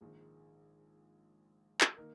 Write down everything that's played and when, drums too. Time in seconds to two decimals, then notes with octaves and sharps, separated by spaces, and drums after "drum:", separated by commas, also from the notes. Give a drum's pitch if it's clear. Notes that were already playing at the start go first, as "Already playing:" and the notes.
0.01 A#1 G#2 D#3 G#3
1.81 drum: clap
1.97 D#3 A#3 D#4 A#4